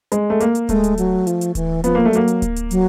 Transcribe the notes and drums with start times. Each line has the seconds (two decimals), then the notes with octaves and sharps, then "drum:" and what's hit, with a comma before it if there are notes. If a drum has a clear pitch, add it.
0.12 G#3, drum: hi-hat
0.30 A3
0.40 A#3, drum: hi-hat
0.55 drum: hi-hat
0.69 G#3 A3, drum: kick D1, hi-hat
0.84 drum: hi-hat
0.98 F#3, drum: hi-hat
1.27 F3, drum: hi-hat
1.41 drum: hi-hat
1.55 E3, drum: kick D1, hi-hat
1.84 F3 B3, drum: hi-hat
1.95 A#3
2.05 G3 A3
2.13 F#3 A#3, drum: hi-hat
2.28 drum: hi-hat
2.42 drum: kick D1, hi-hat
2.56 drum: hi-hat
2.71 F#3, drum: hi-hat